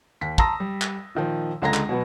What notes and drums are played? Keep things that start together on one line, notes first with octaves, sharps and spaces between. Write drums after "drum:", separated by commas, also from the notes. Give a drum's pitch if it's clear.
D#2 B6
A5 A#5 C6 D#6 E6 A#6, drum: kick
G3
drum: clap
A#2 D#3 F3
C#2 D3 G#3 A#5 G#6 A#6
drum: clap
B2 F#3 B3